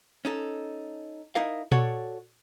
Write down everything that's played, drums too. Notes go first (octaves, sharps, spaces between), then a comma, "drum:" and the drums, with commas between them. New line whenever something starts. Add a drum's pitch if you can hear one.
C#4 D#4 A4
D#4 E4 A#4 F5
F#4 A4 C#5 D5 F#5, drum: tom A#2